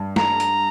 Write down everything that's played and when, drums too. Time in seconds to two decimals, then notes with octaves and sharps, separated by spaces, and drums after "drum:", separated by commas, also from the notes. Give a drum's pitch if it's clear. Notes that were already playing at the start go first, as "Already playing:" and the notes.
Already playing: G2
0.16 A#5, drum: snare
0.40 drum: hi-hat